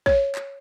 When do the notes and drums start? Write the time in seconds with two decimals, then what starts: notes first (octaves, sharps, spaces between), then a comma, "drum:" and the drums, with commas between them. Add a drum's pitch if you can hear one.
0.06 C#5, drum: kick
0.35 drum: clap